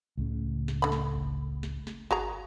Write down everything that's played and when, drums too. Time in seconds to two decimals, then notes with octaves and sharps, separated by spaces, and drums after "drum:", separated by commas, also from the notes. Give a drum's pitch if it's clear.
0.18 C#2 A2 C#3
0.68 drum: snare
0.82 D3 B5
0.92 drum: snare
1.16 drum: kick G1
1.63 drum: snare
1.87 drum: snare
2.11 F#4 G#4 A#5, drum: kick G1